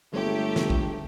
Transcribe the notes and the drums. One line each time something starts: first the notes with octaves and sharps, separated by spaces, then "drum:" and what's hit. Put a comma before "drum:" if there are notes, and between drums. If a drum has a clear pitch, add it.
G1 G#3 A3 G4 C#5
drum: snare
drum: kick A#1